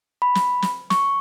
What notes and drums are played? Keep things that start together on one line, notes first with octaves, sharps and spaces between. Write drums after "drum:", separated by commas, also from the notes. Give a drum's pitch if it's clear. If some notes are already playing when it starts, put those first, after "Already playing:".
B5
drum: snare
drum: snare
C#6, drum: snare